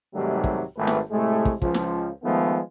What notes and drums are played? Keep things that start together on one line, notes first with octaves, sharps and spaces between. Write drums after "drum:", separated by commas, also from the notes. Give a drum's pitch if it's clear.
G#2 C3 D#3 F#3 G3 A3
drum: kick
G#1 A3 B4
drum: snare
A2 C3 G#3 A3
drum: kick
C#2 F3, drum: kick
drum: snare
D#3 F3 G#3 A3 B3